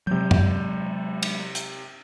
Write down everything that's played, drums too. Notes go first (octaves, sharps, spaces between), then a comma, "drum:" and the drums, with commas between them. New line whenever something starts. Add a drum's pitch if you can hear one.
C3 F#3 G#3 G6
drum: tom
drum: cymbal
drum: hi-hat